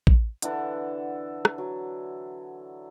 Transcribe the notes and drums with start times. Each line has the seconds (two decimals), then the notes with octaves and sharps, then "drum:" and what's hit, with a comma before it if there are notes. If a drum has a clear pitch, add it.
0.07 drum: kick
0.42 D3 E3 A4 F#5, drum: hi-hat
1.45 drum: rim click
1.58 F#3